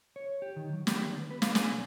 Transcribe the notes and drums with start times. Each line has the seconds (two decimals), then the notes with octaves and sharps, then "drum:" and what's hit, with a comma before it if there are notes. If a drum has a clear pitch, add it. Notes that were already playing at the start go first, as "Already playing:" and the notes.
0.16 C#5
0.42 G4
0.56 D#3
0.73 F#3
0.87 G4, drum: snare
1.05 D#3
1.18 B3
1.30 B4
1.42 F5, drum: snare
1.55 G#5, drum: snare
1.72 C2